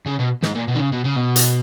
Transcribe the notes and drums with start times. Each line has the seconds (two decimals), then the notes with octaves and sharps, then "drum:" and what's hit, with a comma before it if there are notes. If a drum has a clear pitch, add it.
0.06 C#3
0.19 B2
0.42 G#2, drum: snare
0.55 A#2
0.68 B2
0.75 D#3
0.80 C#3
0.93 B2
1.05 C#3
1.17 B2
1.36 drum: hi-hat